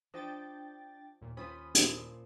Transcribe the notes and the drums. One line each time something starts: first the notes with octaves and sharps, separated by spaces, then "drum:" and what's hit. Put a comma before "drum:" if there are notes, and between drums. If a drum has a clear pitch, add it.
F3 D4 D#5 G5 A6
D#2 A#2
D#2 C#4 F4 C5 B5 D#6
A#2 F3, drum: hi-hat